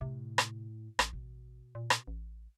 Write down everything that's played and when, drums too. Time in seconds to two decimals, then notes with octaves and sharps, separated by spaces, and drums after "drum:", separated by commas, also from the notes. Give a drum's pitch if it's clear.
0.01 A2 C3
0.38 drum: rim click
0.99 A1, drum: rim click
1.13 B2
1.75 A#2
1.90 drum: rim click
2.08 A1